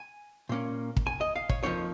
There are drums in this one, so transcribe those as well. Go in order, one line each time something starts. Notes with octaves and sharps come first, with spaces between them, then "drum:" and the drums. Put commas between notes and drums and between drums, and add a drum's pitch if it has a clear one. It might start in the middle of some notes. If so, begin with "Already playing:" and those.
Already playing: G#5
A#2 A#3 C#4
drum: kick
G#5
D#5
F5
C#5, drum: kick
F2 F3 A#3 D#4 C#5